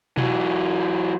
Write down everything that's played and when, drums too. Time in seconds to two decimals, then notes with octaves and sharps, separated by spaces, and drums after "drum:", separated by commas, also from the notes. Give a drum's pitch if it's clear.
0.18 E3 F#3, drum: tom B2